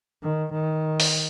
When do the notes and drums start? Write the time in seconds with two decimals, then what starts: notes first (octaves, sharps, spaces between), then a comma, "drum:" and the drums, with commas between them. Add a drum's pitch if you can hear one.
0.22 D#3
0.54 D#3
1.00 drum: open hi-hat